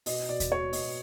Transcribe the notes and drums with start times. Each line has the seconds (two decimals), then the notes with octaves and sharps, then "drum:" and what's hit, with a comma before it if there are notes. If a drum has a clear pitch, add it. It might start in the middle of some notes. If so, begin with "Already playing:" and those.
0.06 B2 D#5, drum: open hi-hat
0.29 B2 D5
0.40 drum: kick D#2, hi-hat
0.52 B2 C#5
0.73 B2 D#5, drum: open hi-hat